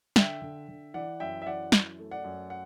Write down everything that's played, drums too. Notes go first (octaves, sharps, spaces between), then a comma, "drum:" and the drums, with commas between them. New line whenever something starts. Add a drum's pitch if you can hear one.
D3 E5 G5, drum: snare
D3
D3
E3 D5 F#5
F#2 E5 G5
E5
E3 D5 F#5
F#2, drum: snare
A3
D5 F#5
F#2
F#5